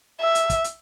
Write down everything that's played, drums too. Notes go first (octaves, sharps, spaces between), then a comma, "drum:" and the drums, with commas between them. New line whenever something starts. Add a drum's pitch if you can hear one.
E5
drum: hi-hat
drum: kick, hi-hat
drum: hi-hat